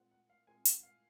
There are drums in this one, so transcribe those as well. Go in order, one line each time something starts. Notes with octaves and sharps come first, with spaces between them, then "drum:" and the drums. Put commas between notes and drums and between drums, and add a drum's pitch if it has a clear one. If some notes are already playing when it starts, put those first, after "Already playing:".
Already playing: A#2 G#3 C4 F#5
F#5
F5
A#2 G#3 C4 G#5
F#5, drum: hi-hat
F5